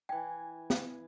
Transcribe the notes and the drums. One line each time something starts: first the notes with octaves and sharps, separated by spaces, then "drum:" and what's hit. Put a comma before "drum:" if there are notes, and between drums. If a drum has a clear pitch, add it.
E3 G5 G#5
drum: snare